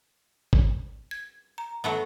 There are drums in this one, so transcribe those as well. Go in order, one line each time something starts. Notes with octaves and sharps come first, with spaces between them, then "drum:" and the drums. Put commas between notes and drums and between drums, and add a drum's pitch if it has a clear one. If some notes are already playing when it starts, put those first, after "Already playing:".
drum: kick G1
G#6
A#5
F#3 A3 B3